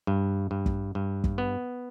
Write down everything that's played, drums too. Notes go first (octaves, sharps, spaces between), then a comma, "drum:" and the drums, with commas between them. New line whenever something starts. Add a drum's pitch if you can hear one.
G2
G2
drum: kick
G2
drum: kick
B3